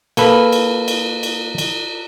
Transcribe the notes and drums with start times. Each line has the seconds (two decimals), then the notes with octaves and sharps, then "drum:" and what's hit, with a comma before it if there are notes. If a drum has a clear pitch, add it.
0.17 A#3 A4 B4, drum: cymbal
0.52 drum: cymbal
0.88 drum: cymbal
1.23 drum: cymbal
1.58 drum: cymbal